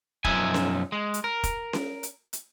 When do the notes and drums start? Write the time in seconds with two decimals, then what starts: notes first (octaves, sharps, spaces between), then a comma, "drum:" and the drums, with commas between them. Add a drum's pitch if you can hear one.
0.24 B1 F#2 F3 D#4 E5 G#5, drum: kick
0.54 drum: snare C#4
0.92 G#3
1.14 drum: hi-hat
1.24 A#4
1.43 drum: kick, hi-hat
1.73 drum: snare C#4
2.03 drum: hi-hat
2.33 drum: hi-hat